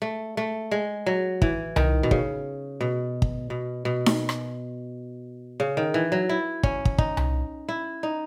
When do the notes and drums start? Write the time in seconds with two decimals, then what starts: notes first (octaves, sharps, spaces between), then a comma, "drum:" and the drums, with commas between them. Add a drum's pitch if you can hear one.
0.02 A3
0.37 A3
0.71 G#3
1.06 F#3
1.42 E3, drum: kick
1.76 D#3, drum: tom C2
2.03 B2
2.11 C#3, drum: kick
2.81 B2
3.22 drum: kick
3.50 B2
3.85 B2
4.06 drum: snare
4.29 drum: rim click
5.60 C#3
5.77 D#3
5.94 E3
6.12 F#3
6.29 E4
6.63 C#4, drum: kick
6.85 drum: kick
6.98 D#4, drum: kick
7.17 drum: tom C2
7.69 E4
8.03 D#4